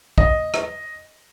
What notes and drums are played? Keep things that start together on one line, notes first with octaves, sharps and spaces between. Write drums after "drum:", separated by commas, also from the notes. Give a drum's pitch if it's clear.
D#5, drum: kick
drum: rim click